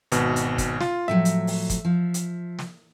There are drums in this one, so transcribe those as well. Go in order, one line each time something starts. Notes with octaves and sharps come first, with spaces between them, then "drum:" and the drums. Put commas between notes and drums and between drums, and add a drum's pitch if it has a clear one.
G#1 B2, drum: hi-hat
drum: hi-hat
drum: kick, hi-hat
F4, drum: snare
A2 F3 F#3 E5
drum: hi-hat
drum: open hi-hat
drum: kick, hi-hat
F3
drum: hi-hat
drum: snare